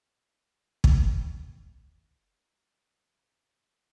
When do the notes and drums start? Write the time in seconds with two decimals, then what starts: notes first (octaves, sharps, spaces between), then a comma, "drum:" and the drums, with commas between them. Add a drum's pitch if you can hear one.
0.02 B2 G3 B3 D4 F#4
0.84 drum: kick
2.21 D3 G3 D4 F#4